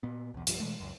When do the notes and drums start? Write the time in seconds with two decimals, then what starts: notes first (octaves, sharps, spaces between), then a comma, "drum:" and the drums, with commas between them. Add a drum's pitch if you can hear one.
0.03 A#2 B3
0.34 B1 E2
0.47 B1 G2 F3 G3, drum: hi-hat
0.60 B2 E3 G#3 A3
0.80 C#2 F#2